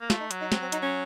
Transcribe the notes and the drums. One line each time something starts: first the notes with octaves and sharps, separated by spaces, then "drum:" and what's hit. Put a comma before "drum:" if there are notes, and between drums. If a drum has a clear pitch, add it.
A#3
A3 F4, drum: snare
D#4
F#3, drum: hi-hat
D#4
C4, drum: snare
C4
D#4, drum: hi-hat
C#4